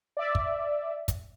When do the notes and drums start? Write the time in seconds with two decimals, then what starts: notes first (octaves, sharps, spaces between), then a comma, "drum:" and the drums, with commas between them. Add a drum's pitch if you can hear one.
0.17 D5 E5
0.35 drum: kick
1.08 drum: kick, hi-hat